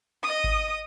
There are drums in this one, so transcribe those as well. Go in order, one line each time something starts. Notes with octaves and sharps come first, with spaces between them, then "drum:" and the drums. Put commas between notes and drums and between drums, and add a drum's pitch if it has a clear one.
D#5 D#6
drum: kick G#1